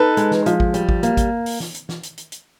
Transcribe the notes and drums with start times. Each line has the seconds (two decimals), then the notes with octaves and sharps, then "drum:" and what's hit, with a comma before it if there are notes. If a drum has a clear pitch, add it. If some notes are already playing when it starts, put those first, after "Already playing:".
Already playing: D#4 A4 B4
0.17 G#3, drum: hi-hat
0.31 drum: snare
0.46 F3, drum: hi-hat
0.60 drum: kick G#1
0.74 G3, drum: hi-hat
0.89 drum: kick G#1
1.03 A#3, drum: hi-hat
1.17 drum: kick G#1, hi-hat
1.46 drum: open hi-hat
1.60 drum: snare
1.75 drum: hi-hat
1.89 drum: snare
2.03 drum: hi-hat
2.18 drum: hi-hat
2.32 drum: hi-hat